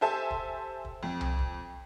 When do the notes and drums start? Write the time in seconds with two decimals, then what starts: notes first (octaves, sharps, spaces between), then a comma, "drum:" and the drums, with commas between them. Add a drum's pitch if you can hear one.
0.01 G4 A4 C5 E5 G#5 A5
0.31 drum: kick
0.85 drum: kick
1.03 F2
1.21 drum: tom C2
1.39 drum: kick